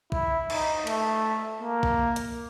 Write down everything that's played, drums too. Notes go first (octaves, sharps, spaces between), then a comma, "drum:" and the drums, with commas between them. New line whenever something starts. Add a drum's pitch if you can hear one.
E4, drum: kick
D#4, drum: cymbal
A3, drum: cymbal
A#3
drum: kick
drum: hi-hat